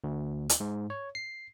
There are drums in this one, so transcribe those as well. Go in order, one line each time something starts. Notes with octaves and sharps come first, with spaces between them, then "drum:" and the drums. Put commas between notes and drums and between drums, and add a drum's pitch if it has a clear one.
D2
drum: hi-hat
G#2
C#5
C7